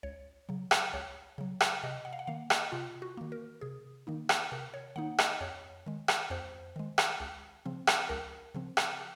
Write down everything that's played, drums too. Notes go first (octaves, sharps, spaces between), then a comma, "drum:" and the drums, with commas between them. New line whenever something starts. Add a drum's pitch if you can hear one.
C#2 C#5
C#3 F#3
drum: rim click
C#2 C#5
C#3 F#3
drum: rim click
C3 D#5
F#5
F5
F#5
D#3 A#3 F5
D#5, drum: rim click
C3 F4
F#4
D#3 A#3
A#4
C3 G#4
D#3 A#3 D#4
drum: rim click
C3 A#4
C#5
D#3 A#3 D#4 F#5
D#5, drum: rim click
F2 C#5
D#3 G#3
drum: rim click
F2 C5
D#3 G#3
drum: rim click
C#2
C#3 F3 C4
drum: rim click
C#2 A#4
C#3 F3 C4
drum: rim click